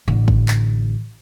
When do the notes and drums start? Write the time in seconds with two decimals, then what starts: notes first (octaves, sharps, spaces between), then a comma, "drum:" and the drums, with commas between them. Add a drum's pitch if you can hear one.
0.08 A1 D3
0.28 drum: kick
0.48 drum: clap